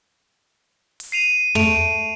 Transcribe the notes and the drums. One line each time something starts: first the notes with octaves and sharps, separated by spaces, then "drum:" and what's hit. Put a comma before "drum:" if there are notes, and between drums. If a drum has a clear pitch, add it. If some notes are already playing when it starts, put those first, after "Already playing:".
drum: open hi-hat
C7 D#7 F7
A3 D7 D#7 F7, drum: tom